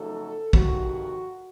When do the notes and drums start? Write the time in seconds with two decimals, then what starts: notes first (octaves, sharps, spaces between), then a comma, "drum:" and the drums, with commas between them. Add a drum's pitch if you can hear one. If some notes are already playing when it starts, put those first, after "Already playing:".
Already playing: F2 C#3 F#3 A3 D#4 A4
0.53 F2 C3 D#3 F#4, drum: kick